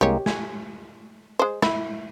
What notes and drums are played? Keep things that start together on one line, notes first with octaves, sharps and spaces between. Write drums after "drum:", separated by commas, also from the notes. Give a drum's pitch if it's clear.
C2 G#3 A#3 G4 C#5
G#5, drum: snare
G#3 C5
E4, drum: snare